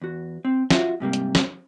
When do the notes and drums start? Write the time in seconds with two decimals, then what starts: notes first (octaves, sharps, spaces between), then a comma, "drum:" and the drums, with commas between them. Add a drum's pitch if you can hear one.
0.02 E2 F#4
0.45 C4
0.70 F4 F#4 E5, drum: snare
1.00 G#2 C3 G3 A#3
1.13 drum: hi-hat
1.35 drum: snare